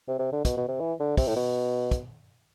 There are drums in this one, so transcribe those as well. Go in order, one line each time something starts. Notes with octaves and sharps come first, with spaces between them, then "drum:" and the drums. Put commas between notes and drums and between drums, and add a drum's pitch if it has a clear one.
C3
C3
D3
B2, drum: kick, hi-hat
B2
C3
E3
D3
C3, drum: kick, open hi-hat
A2
B2
drum: kick, hi-hat